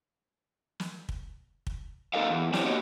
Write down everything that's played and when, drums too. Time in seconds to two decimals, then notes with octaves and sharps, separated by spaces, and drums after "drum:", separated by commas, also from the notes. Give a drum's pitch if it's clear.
0.80 drum: snare
1.09 drum: kick
1.67 drum: kick
2.14 A#3 D#4 A4 A#4 D#5 F5
2.30 E2
2.53 C4 D4 E4 G4 C5 C#5, drum: snare
2.66 A#3 F#4 G4 C#5 D#5